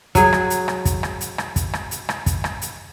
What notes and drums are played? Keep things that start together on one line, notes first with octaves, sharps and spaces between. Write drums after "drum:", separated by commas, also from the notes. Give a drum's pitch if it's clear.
F#3 G#4, drum: kick, hi-hat
drum: rim click
drum: hi-hat
drum: rim click
drum: kick, hi-hat
drum: rim click
drum: hi-hat
drum: rim click
drum: kick, hi-hat
drum: rim click
drum: hi-hat
drum: rim click
drum: kick, hi-hat
drum: rim click
drum: hi-hat